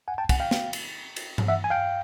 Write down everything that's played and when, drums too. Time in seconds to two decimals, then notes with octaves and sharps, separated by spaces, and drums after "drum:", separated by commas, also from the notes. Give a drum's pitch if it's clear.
0.08 F#5 G#5
0.18 G5 A5
0.29 F#5 G#5, drum: kick, cymbal
0.40 F5 G5
0.51 drum: snare
0.73 drum: cymbal
1.16 drum: cymbal
1.38 drum: tom G2
1.48 E5 F#5
1.64 G#5
1.70 F5 G5